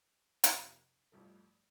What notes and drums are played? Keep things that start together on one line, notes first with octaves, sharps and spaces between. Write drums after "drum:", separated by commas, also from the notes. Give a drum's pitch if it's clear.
F2 C3 F3 A#3, drum: hi-hat
A1 G2 F3 A3